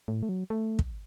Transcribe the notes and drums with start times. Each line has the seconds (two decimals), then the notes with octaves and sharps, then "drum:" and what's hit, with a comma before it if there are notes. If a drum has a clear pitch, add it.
0.08 A2
0.23 A3
0.29 F#3
0.50 A3
0.79 drum: kick